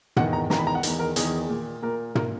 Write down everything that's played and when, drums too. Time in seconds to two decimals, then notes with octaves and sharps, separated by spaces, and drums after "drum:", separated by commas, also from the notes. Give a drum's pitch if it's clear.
0.16 E2 D#3 F#5, drum: tom
0.33 A#5
0.50 E2 D#3 A#5, drum: snare
0.58 B5
0.67 A#5
0.75 F#5
0.83 E2 D#3, drum: hi-hat
1.00 A#4
1.16 E2 D#3 G#4, drum: hi-hat
1.49 A#2
1.82 A#2 A#4
2.15 A#2 A#4, drum: tom